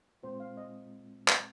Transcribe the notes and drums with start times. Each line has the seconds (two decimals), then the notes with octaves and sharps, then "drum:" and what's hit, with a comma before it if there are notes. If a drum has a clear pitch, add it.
0.23 A#2 G#3 C4 F4 C5
0.40 F5
0.57 D#5
1.28 drum: clap